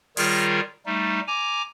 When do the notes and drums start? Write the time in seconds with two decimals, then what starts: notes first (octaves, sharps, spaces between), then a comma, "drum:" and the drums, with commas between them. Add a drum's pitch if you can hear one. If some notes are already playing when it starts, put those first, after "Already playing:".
0.17 D#3 G3 F4 G#4 A#4 C#5, drum: open hi-hat
0.86 G3 A3 D#4
1.27 G#5 A#5 D6